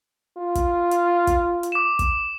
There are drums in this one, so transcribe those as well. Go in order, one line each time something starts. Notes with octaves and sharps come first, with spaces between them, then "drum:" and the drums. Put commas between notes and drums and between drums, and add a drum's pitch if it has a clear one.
F4
drum: kick, hi-hat
drum: hi-hat
drum: kick, hi-hat
drum: hi-hat
D6 E7
drum: kick, hi-hat